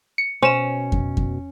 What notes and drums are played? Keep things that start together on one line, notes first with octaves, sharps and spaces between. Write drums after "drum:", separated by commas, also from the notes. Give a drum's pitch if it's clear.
C#7
B2 C#4 C5 E7
drum: kick F2
drum: kick F2